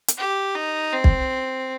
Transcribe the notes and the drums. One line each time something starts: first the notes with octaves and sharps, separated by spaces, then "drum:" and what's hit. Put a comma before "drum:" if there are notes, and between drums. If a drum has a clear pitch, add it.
drum: hi-hat
G4
D#4
C4
drum: kick